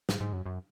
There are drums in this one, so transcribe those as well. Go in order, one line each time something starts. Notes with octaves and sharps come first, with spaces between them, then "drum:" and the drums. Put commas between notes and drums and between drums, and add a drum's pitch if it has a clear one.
G#2, drum: snare
G#2
F#2
F#2